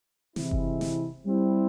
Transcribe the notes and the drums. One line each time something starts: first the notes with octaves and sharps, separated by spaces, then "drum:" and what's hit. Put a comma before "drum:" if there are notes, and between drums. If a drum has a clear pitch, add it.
C3 E3 G#3 C4 E4, drum: snare
drum: kick F#1
drum: snare
G3 C4 E4